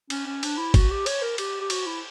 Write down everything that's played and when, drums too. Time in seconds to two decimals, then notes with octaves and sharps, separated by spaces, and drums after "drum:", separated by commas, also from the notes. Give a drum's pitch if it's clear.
0.10 C#4, drum: cymbal
0.26 C#4
0.43 D4, drum: cymbal
0.58 E4
0.74 F#4, drum: kick, cymbal
0.91 G4
1.06 C#5, drum: cymbal
1.22 A#4
1.38 G4, drum: cymbal
1.61 G4
1.70 F#4, drum: cymbal
1.86 E4